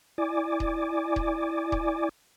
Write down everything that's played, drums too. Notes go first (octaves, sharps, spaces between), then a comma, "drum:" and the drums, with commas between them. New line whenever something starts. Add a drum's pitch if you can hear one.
E4 D5 G#5 D6
drum: kick D#1
drum: kick D#1
drum: kick D#1